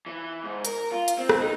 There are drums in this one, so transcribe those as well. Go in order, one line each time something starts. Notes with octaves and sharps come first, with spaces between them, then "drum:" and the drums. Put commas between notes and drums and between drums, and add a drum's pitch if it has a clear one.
E3
G#2
A#4, drum: hi-hat
F4
drum: hi-hat
C4
drum: rim click
D#4